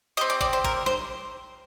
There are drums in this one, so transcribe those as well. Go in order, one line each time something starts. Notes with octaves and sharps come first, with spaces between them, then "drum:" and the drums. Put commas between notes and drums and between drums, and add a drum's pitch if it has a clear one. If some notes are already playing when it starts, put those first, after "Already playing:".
C4 G4 D#5
D5
D5, drum: kick G#1
C5
A#4, drum: kick G#1
C5, drum: snare